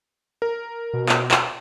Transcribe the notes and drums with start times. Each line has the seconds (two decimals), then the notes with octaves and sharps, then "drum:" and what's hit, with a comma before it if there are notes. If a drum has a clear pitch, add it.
0.42 A#4
0.93 B2
1.09 drum: clap
1.31 drum: clap